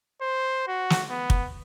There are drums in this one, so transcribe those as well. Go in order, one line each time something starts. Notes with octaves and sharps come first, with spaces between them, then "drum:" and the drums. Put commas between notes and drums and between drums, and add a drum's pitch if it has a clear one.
C5
F#4
drum: snare
B3
drum: kick